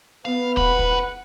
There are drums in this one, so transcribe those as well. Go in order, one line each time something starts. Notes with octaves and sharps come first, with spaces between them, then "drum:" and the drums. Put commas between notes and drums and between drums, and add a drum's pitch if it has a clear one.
B3 B4 F5
C5 F#5 B5, drum: kick
drum: kick